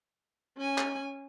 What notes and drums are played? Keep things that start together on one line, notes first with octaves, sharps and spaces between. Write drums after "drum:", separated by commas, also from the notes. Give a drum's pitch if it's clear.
C#4 G#5
drum: clap